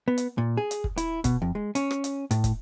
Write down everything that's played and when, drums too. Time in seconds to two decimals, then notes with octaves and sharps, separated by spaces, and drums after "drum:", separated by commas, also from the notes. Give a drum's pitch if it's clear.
0.08 B3
0.18 drum: hi-hat
0.38 A#2
0.57 G#4
0.71 drum: hi-hat
0.84 drum: kick
0.98 E4, drum: hi-hat
1.24 B2, drum: kick, hi-hat
1.42 F2
1.55 G#3
1.75 C#4, drum: hi-hat
1.91 drum: rim click
2.04 drum: hi-hat
2.31 A2, drum: hi-hat
2.44 drum: kick, hi-hat